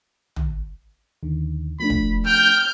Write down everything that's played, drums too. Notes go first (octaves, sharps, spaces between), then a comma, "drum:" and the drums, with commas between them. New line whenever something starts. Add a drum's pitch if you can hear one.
drum: tom
D#2 D3 D#3
F3 A3 D4 B5
drum: kick
G5 F6 G6